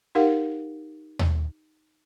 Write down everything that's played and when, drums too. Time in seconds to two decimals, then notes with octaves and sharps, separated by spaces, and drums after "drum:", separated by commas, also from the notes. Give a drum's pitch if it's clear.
0.15 D#4 G4 A#4 F5 F#5
1.19 drum: tom D#2